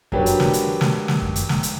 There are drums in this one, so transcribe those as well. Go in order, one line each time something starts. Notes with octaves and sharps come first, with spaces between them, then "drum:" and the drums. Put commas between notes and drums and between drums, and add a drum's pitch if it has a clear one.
F#3 A#3 D4 G4 B4, drum: kick F#2
drum: hi-hat
drum: snare
drum: hi-hat
drum: snare
drum: snare
drum: kick F#2
drum: hi-hat
drum: snare
drum: hi-hat